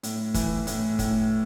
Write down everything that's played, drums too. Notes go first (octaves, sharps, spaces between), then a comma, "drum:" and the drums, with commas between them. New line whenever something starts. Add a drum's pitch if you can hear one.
A2, drum: hi-hat
E3, drum: kick, hi-hat
A2, drum: hi-hat
A2, drum: kick, hi-hat